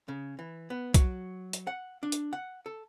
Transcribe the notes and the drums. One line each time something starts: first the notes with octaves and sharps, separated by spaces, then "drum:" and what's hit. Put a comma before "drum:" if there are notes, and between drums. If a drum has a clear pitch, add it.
C#3
E3
B3
F#3, drum: kick B1, hi-hat
drum: hi-hat
F#5
D4
drum: hi-hat
F#5
A4